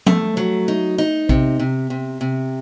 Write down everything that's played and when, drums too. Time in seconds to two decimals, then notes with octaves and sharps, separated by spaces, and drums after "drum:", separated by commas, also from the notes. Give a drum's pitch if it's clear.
0.06 A3, drum: tom F3
0.37 F#3
0.68 D#4
0.98 D#4
1.29 C3, drum: kick A#1
1.60 C3
1.90 C3
2.21 C3